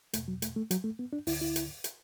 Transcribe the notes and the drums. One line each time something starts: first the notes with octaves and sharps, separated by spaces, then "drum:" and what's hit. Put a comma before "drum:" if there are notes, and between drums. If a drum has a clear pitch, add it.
E2 B2 A3, drum: hi-hat
F#3
A3, drum: hi-hat
A3
F#3, drum: hi-hat
A3
B3
D4
D2 D3 E4, drum: open hi-hat
E4
drum: hi-hat
drum: hi-hat